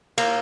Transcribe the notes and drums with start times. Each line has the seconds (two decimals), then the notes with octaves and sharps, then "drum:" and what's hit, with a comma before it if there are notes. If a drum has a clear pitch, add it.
0.18 A#3, drum: cymbal